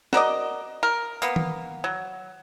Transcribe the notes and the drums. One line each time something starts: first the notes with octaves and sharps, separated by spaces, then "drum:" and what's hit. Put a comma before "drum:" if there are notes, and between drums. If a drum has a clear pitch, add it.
F#4 A#4 D5 D#5, drum: snare
A#4
A#3 B3, drum: tambourine
drum: tom D#3
F#3